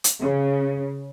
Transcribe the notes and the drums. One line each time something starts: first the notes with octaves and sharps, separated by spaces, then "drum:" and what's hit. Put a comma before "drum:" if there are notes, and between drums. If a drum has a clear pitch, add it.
drum: hi-hat
C#3